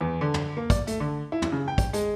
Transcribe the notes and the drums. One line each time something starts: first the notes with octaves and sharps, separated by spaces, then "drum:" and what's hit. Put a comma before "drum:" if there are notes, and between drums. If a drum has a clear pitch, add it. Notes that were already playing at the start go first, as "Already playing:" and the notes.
E2
D3
drum: tom
A#3
D5, drum: kick, hi-hat
A3, drum: hi-hat
D3
E4
drum: tom
C#3
G5
drum: kick, hi-hat
G#3, drum: hi-hat